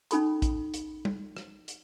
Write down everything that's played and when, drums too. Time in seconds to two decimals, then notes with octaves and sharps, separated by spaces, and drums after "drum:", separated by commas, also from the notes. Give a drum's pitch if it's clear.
0.11 C#4 D#4 A4 B5, drum: hi-hat
0.42 drum: kick, hi-hat
0.74 drum: hi-hat
1.05 drum: tom
1.37 drum: rim click
1.68 drum: hi-hat